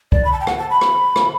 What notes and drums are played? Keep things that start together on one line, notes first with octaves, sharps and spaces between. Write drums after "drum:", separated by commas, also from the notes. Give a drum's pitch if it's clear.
D5, drum: kick
B5
A5
G5
F#5, drum: rim click
A5
B5
drum: rim click
drum: rim click